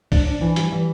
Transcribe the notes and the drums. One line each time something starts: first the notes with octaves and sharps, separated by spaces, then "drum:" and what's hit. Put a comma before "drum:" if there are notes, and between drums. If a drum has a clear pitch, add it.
D4, drum: kick B1, open hi-hat
D4
E3
G3, drum: hi-hat
E3